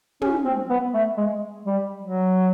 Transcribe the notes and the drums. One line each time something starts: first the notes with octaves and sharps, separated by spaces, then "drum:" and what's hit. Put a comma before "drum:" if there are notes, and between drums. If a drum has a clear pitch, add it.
C#4, drum: tom
C4
B3
A3
G#3
G3
F#3